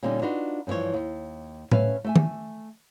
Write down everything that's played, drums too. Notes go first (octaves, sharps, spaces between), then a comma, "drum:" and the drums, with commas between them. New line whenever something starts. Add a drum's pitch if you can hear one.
A#2 D3 G3 C#4 D#4
D4 D#4 F4 F#4 B4
G2 C#3 E3 F3 C#5
D#2
A3 C#4 B4 E5 F5, drum: tom A2
A3 E5 G#5
drum: tom D#3